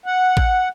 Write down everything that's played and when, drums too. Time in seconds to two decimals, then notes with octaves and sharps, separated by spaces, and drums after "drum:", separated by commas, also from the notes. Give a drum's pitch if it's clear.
0.06 F#5
0.37 drum: kick A1